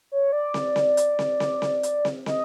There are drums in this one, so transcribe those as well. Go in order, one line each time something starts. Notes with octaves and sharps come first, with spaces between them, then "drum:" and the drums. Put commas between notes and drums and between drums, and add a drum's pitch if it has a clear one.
C#5
D5
drum: snare
drum: snare
drum: hi-hat
drum: snare
drum: snare
drum: snare
drum: hi-hat
drum: snare
D#5, drum: snare